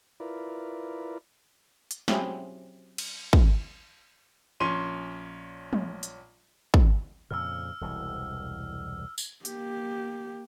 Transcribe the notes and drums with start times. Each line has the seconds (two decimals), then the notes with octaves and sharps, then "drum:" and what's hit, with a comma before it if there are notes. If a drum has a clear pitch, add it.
0.20 E4 F4 A#4 B4 D5
1.91 drum: hi-hat
2.08 F#3 C4 C#4 E4 G4 G#4, drum: snare
2.98 drum: cymbal
3.33 drum: kick
4.60 A#1 C#4 C6 D#7
5.73 drum: tom
6.03 drum: hi-hat
6.74 drum: kick
7.31 F2 A#2 C#3 E6 F6
7.81 E1 C2 E3
9.18 drum: tambourine
9.45 A#3 G4, drum: hi-hat